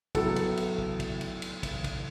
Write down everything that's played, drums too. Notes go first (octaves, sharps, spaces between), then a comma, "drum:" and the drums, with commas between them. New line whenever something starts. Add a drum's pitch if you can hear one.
A2 F#3 B3 A4, drum: kick, cymbal
drum: cymbal
drum: cymbal
drum: kick
drum: kick, cymbal
drum: cymbal
drum: cymbal
drum: kick, cymbal
drum: kick, cymbal